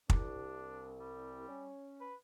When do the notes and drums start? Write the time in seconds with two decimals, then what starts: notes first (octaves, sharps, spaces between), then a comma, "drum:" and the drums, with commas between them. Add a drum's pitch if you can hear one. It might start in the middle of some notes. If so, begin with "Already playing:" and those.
0.10 C2 D4, drum: kick
0.99 G3
1.48 C#4
2.00 B4